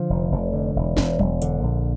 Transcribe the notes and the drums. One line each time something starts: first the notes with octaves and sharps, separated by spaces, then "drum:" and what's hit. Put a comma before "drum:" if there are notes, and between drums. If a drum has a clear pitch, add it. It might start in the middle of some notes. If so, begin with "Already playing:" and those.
Already playing: D3 F3
F1
F1
D3
E1
E1, drum: snare
E1, drum: tom F#3
D3, drum: hi-hat
A#1